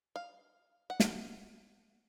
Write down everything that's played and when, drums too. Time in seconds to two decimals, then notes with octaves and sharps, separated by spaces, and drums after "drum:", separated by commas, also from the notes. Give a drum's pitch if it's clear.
0.16 F5
0.90 F#5
1.00 drum: snare